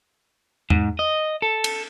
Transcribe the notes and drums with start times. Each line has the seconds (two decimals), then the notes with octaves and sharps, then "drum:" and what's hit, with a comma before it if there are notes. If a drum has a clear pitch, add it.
0.70 G#2, drum: tom E2
0.99 D#5
1.42 A4
1.64 drum: cymbal